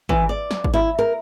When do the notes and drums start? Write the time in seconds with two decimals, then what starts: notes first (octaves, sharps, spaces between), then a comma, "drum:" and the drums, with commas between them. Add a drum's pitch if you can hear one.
0.09 E3, drum: kick G#1
0.29 D5
0.51 drum: snare
0.64 drum: kick G#1
0.74 E4
0.99 A#4